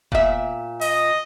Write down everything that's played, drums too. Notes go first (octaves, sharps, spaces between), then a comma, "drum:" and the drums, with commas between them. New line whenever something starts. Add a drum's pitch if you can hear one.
A#2 E5, drum: kick E1
D#5, drum: open hi-hat